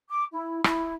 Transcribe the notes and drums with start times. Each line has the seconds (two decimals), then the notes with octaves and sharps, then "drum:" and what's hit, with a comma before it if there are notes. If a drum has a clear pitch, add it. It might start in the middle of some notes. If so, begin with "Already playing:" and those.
0.10 D6
0.32 E4
0.64 E4, drum: rim click